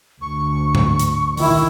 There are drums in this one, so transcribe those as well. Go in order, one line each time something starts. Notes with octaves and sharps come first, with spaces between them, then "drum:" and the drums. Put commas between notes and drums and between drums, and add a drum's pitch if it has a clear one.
D2 C#6
drum: tom G#2
drum: hi-hat
D#3 E4, drum: open hi-hat